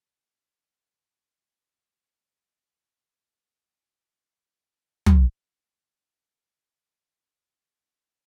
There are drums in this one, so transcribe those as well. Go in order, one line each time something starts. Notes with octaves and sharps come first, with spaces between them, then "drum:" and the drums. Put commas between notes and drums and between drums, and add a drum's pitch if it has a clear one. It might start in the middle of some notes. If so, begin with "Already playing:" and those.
A#6
C#4
E3 C#5 A5
C#3 F3 F#3 D6 E6 G6
C4 B4 D5
drum: tom
A#3 G#4 B4